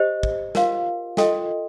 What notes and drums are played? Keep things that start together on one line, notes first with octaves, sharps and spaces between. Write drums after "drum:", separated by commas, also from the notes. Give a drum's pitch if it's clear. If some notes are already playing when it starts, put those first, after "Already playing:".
Already playing: G4 C5 D#5
drum: kick
F4 A#4 F5 C6, drum: snare
F4 A4 D#5 G5 C6, drum: snare